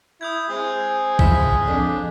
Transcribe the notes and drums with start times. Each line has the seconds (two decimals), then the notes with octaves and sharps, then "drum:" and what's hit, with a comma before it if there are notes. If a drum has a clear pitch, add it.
0.21 E4 D#6 G6 G#6
0.50 G#3 C4 G#5
1.19 F3 E4 B6, drum: kick B1
1.68 F2 D4